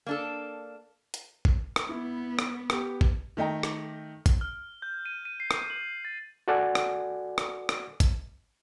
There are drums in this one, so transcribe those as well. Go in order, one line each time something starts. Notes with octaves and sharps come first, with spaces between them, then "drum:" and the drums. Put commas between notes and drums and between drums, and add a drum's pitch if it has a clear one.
A#3 D4 A4
drum: hi-hat
drum: kick
drum: rim click
B3 E4
drum: rim click
B3 G4, drum: rim click
drum: kick
D#3 A3 D#5 G5 A#5
drum: rim click
drum: kick, hi-hat
F6
G6
D#7
D#7
C7
drum: rim click
F#7
A6
F#4 A4 D5 F#5 G#5
drum: rim click
drum: rim click
drum: rim click
drum: kick, hi-hat